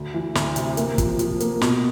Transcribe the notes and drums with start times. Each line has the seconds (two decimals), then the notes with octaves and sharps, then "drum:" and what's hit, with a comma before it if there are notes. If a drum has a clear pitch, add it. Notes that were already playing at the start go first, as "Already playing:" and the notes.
Already playing: D2
0.14 E3
0.35 D2, drum: snare
0.56 C3, drum: hi-hat
0.77 A#3, drum: hi-hat
0.98 F3, drum: kick, hi-hat
1.19 F3, drum: hi-hat
1.40 A#3, drum: hi-hat
1.61 B2, drum: snare